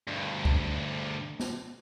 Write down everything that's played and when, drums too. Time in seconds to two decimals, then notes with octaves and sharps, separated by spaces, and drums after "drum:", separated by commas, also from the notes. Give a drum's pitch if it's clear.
0.07 D2 G2
0.45 drum: kick
1.40 drum: snare B3